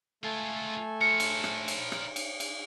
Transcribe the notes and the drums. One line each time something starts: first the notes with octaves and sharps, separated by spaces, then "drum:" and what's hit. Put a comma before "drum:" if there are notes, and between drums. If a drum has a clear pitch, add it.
G#3 A3 F4 A4 G#5
A#4 C5 C#7
drum: cymbal
drum: rim click
drum: cymbal
drum: rim click
drum: cymbal
drum: cymbal